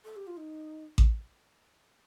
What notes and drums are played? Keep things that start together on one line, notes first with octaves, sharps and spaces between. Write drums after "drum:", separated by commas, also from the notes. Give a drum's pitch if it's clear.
A4
G4
F4
D#4
drum: kick A1